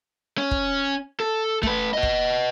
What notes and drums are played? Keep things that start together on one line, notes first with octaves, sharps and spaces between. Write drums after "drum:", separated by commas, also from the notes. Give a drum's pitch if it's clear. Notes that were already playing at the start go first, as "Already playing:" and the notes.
C#4
drum: kick
A4
A3 B4, drum: kick
B4 D#5
drum: kick